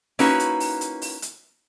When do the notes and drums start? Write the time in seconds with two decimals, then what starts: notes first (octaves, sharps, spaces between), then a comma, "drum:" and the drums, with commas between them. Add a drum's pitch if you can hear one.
0.19 A#3 C#4 D#4 E4 F#4 B4, drum: open hi-hat
0.40 drum: hi-hat
0.60 drum: open hi-hat
0.81 drum: hi-hat
1.02 drum: open hi-hat
1.22 drum: hi-hat